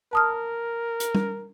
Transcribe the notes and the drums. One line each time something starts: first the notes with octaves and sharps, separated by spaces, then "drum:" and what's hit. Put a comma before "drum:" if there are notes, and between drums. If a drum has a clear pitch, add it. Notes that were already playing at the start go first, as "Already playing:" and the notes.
A#4 A5 D#6 F6
drum: hi-hat
drum: tom